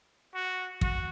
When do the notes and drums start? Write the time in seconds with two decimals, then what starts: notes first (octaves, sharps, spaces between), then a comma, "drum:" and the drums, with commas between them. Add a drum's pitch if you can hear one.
0.34 F#4
0.81 F#4, drum: kick